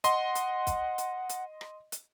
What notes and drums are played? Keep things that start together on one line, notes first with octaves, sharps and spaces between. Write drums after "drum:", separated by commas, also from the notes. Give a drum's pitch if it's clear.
D#5 F#5 C6, drum: hi-hat
drum: hi-hat
drum: kick, hi-hat
drum: hi-hat
drum: hi-hat
drum: rim click
drum: hi-hat